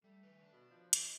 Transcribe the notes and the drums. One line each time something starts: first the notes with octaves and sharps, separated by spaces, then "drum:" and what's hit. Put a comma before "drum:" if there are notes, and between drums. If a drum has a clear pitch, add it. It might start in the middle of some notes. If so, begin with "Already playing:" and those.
G3 A3
D#3 B4
D4
B2
F3
A4 D#5, drum: hi-hat